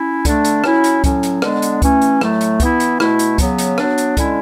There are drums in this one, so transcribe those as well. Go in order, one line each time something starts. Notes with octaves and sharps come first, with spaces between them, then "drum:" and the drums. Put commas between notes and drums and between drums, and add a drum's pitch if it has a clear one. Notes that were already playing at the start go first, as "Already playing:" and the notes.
Already playing: C#4 E4
D3 A3 D4, drum: kick C#2, hi-hat
drum: hi-hat
F#3 C#4 E4, drum: rim click
drum: hi-hat
A2 F#3 C#4, drum: kick C#2, hi-hat
drum: hi-hat
D3 G#3 B3 D4, drum: rim click
drum: hi-hat
E3 A3 C#4, drum: kick C#2, hi-hat
drum: hi-hat
A2 F#3 A3, drum: rim click
drum: hi-hat
E3 B3 E4, drum: kick C#2, hi-hat
drum: hi-hat
B2 A3 E4, drum: rim click
drum: hi-hat
C#3 F#3 B3, drum: kick C#2, hi-hat
drum: hi-hat
F#3 B3 D4, drum: rim click
drum: hi-hat
D3 G#3 C#4 E4, drum: kick C#2, hi-hat